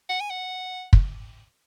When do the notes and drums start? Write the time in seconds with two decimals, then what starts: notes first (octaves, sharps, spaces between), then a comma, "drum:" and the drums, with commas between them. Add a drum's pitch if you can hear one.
0.09 F#5
0.21 G#5
0.30 F#5
0.93 drum: kick